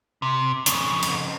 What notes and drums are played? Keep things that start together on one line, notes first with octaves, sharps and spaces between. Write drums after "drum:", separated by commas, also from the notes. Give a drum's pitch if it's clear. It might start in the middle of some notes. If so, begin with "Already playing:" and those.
C3
F2 C#3, drum: hi-hat
drum: cymbal